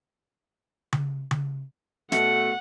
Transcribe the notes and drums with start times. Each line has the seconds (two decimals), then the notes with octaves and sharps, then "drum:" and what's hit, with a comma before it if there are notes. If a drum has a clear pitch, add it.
0.93 drum: tom C#3
1.31 drum: tom C#3
2.12 B2 A3 F#5 C#7, drum: snare